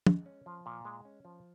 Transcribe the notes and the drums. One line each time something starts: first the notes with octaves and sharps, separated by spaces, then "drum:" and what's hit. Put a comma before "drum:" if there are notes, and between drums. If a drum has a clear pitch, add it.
G#3, drum: tom
C#4
F3
A#2
G#3
C#4
F3